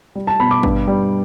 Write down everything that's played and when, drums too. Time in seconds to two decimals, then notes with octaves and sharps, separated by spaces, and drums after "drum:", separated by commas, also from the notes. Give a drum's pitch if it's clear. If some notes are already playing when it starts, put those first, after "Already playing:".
0.15 G3
0.27 A5
0.40 B2 B5
0.51 D6
0.63 G2, drum: kick
0.88 G3